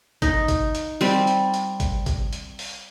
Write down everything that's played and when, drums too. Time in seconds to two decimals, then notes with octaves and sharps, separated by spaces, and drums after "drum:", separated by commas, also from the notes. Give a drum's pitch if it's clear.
0.22 D#4, drum: kick G#1, hi-hat
0.48 drum: kick G#1, hi-hat
0.75 drum: hi-hat
1.01 G3 C4, drum: open hi-hat
1.27 drum: hi-hat
1.54 drum: hi-hat
1.80 drum: kick G#1, hi-hat
2.06 drum: kick G#1, hi-hat
2.33 drum: hi-hat
2.59 drum: open hi-hat